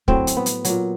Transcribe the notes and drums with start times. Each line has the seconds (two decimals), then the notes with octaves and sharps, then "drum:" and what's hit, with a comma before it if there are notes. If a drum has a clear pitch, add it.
0.08 A2 F#3 C4, drum: kick
0.27 drum: hi-hat
0.37 B3
0.46 drum: hi-hat
0.65 A#2 F#3, drum: hi-hat